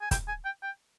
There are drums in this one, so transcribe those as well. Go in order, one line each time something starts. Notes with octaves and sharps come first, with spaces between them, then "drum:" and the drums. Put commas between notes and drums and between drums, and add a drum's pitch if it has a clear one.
G#5
G5, drum: kick, hi-hat
G#5
G5
G5